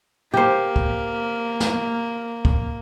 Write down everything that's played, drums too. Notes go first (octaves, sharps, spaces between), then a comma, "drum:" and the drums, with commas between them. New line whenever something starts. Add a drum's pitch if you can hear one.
A#3 G4 C5
drum: kick C2
drum: snare
drum: kick C2